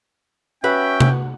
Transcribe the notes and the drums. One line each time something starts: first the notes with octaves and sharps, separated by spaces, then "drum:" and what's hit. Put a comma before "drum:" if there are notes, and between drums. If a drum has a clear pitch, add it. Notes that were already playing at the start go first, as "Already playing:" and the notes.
C#4 F#4 B4 E5 G5
drum: tom C3